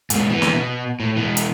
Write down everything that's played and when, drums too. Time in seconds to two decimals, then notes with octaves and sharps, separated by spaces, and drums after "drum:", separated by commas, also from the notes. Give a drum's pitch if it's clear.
0.10 G#2 B2, drum: hi-hat
0.30 E3 B3
0.42 drum: snare
0.53 B2
1.00 A2
1.16 B2 E3
1.37 drum: hi-hat